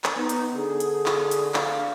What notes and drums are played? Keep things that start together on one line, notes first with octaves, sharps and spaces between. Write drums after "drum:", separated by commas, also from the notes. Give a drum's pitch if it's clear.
drum: clap
B3 D#4
drum: hi-hat
D3 G#4
drum: hi-hat
drum: clap
drum: hi-hat
F5, drum: clap